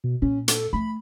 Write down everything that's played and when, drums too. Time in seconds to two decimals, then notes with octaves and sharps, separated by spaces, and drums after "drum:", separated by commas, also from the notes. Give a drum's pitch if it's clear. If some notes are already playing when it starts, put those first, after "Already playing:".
0.04 B2
0.22 A#2 C#4
0.48 A4, drum: hi-hat
0.73 A3 B5